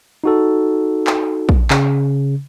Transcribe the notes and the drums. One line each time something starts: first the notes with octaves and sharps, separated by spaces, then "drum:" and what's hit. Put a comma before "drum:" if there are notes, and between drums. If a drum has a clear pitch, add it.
D#4 F#4 A4
drum: clap
drum: kick
C#3, drum: clap